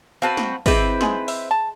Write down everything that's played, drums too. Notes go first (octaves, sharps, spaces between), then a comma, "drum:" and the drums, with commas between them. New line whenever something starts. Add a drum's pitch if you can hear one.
C4 F#4 B4 F5 A5
drum: snare
C4 E4 G#4 B4 D#5 E5, drum: kick, open hi-hat
D#4 G#4 D#5 C6, drum: snare
E5, drum: open hi-hat
A5